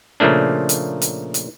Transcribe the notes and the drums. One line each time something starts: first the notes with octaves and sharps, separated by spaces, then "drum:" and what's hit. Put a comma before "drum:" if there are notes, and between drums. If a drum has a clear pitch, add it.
A#2 C#3 F3 A3 A#3 D4
drum: hi-hat
drum: hi-hat
drum: hi-hat